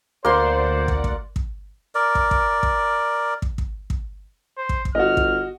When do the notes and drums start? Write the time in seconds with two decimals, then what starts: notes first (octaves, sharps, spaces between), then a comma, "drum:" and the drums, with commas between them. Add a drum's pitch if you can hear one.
0.25 D2 A#3 C5 D5 F#5 C6
0.88 drum: kick
1.04 drum: kick
1.36 drum: kick
1.95 A#4 D5
2.15 drum: kick
2.31 drum: kick
2.63 drum: kick
3.42 drum: kick
3.58 drum: kick
3.90 drum: kick
4.57 C5
4.69 drum: kick
4.85 drum: kick
4.95 G1 F#4 D#5 F6
5.17 drum: kick